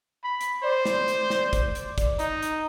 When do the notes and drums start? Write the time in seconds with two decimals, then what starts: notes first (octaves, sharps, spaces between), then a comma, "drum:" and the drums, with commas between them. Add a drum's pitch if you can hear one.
0.24 B5
0.41 drum: hi-hat
0.63 C5 D5
0.85 drum: snare
1.08 drum: hi-hat
1.30 drum: snare
1.53 drum: kick, hi-hat
1.75 drum: hi-hat
1.98 drum: kick, hi-hat
2.19 D#4, drum: hi-hat
2.43 drum: hi-hat